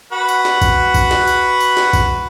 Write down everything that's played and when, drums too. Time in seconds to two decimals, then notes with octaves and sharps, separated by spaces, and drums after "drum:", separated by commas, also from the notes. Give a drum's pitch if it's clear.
0.12 F#4 B4 F#5
0.29 drum: tambourine
0.45 drum: snare
0.61 drum: kick A#1, tambourine
0.94 drum: kick A#1, tambourine
1.11 drum: snare
1.27 drum: tambourine
1.60 drum: tambourine
1.77 drum: snare
1.93 drum: kick A#1, tambourine